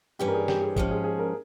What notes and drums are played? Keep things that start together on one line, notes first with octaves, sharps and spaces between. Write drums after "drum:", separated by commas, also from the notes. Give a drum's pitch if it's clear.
G2 E3 G3 C#4 G4
A#4
G#4
G4, drum: snare
G#4
G#2 F3 G#3 C#4 G4, drum: kick
G#4
G#4
A#4